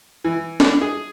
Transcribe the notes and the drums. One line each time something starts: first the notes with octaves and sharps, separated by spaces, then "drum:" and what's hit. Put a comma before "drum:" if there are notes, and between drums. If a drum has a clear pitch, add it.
E3
D4, drum: snare
G#4